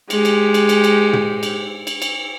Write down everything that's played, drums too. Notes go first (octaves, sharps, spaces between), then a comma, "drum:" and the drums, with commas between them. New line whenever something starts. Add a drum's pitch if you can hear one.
G#3 G4, drum: cymbal
drum: cymbal
drum: cymbal
drum: cymbal
drum: cymbal
drum: tom
drum: cymbal
drum: cymbal
drum: cymbal